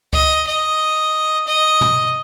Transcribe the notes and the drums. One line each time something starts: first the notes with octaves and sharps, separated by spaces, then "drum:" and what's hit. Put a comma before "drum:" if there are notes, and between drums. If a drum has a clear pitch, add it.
D#5, drum: kick C#2
D#5
D#5
drum: tom